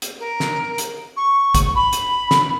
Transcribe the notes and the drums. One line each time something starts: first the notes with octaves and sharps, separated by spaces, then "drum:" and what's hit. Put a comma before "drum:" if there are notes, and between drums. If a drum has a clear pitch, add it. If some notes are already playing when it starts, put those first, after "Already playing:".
drum: hi-hat
A#4
drum: snare
drum: hi-hat
C#6
drum: kick, hi-hat
B5
drum: hi-hat
drum: snare